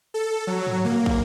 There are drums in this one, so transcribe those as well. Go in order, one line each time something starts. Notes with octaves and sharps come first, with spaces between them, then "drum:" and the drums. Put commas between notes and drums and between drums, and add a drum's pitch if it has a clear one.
A4
F#3
drum: tom
A#3, drum: tom C3
drum: kick